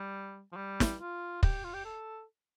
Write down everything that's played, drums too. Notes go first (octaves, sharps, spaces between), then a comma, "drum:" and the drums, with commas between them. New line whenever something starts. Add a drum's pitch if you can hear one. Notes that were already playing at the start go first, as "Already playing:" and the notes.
Already playing: G3
F3
G3
drum: snare
F4
G4, drum: kick
F4
G4
A4